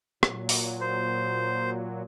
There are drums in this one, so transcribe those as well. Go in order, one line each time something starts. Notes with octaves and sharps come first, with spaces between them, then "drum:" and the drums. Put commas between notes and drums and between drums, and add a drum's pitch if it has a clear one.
A#2 F#3, drum: rim click
drum: open hi-hat
C5